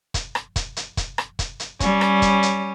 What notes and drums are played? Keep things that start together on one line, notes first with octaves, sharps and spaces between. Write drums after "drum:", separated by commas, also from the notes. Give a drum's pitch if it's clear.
drum: kick, hi-hat
drum: rim click
drum: kick, hi-hat
drum: hi-hat
drum: kick, hi-hat
drum: rim click
drum: kick, hi-hat
drum: hi-hat
G3 C#4, drum: kick, hi-hat
drum: rim click
drum: kick, hi-hat
drum: hi-hat